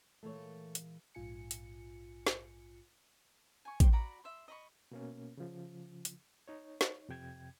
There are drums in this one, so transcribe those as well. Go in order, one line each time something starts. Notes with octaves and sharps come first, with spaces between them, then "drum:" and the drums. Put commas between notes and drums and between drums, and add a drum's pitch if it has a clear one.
A#2 E3 G#3 A3 C#5
drum: hi-hat
A#1 G#2 F4 G#5 C#7
drum: hi-hat
drum: snare
G#5 C#6
G4 C5, drum: kick A1, hi-hat
F#4 D5 A#5 B5
E5 C6
D#5 B5 C#6
B2 A#3 C#4
C#3 F3
drum: hi-hat
D#4 C#5
drum: snare
F2 C3 G5 G#6